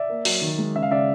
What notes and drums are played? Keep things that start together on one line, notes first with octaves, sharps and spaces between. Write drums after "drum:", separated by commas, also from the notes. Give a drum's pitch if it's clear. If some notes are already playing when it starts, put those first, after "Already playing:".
Already playing: D5 E5
A#3
F#3, drum: open hi-hat
D#3
G#3
C#3 E5
F5
C#3 D5 E5